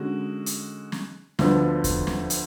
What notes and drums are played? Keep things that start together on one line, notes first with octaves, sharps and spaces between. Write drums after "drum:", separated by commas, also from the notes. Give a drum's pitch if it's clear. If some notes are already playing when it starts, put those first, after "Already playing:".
Already playing: D3 G#3 C#4 F#4
drum: hi-hat
drum: snare
D2 D3 F3 B3 D4, drum: snare
drum: kick E2, hi-hat
drum: snare
drum: hi-hat